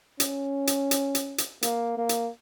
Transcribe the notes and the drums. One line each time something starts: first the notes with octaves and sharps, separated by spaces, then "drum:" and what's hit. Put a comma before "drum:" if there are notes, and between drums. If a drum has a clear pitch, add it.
C#4, drum: hi-hat
drum: hi-hat
drum: hi-hat
drum: hi-hat
drum: hi-hat
A#3, drum: hi-hat
A#3
drum: hi-hat